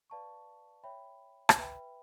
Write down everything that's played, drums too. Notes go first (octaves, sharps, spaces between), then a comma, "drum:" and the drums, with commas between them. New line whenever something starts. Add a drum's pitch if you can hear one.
B4 D5 F5 A5 C#6
C#5 E5 G5 B5
drum: rim click
B4 E5 G5 B5